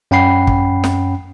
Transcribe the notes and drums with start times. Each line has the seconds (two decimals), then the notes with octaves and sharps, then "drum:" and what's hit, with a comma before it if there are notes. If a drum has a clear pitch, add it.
0.11 F#2 C#4 F#5 G5 B5 C7
0.47 drum: kick
0.84 drum: snare